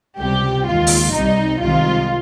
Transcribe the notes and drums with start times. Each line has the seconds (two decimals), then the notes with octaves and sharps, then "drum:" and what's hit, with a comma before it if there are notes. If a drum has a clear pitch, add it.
0.18 C#2 C3 G3 G4
0.66 D#2 D#3 G#3 F4
0.87 drum: open hi-hat
1.12 C2 C3 G3 D#4
1.60 C2 C3 D#3 G#3 F4